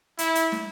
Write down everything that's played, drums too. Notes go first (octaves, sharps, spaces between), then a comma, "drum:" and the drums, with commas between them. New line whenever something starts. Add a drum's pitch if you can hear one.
E4, drum: hi-hat
drum: hi-hat
drum: snare